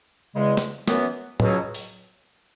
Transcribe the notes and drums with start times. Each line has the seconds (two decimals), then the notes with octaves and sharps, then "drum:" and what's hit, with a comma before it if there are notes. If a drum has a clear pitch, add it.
0.35 E2 C#3 G#3
0.57 drum: snare
0.88 F#2 E3 B3, drum: snare
1.40 C#2 B2 F#3, drum: tom
1.75 drum: open hi-hat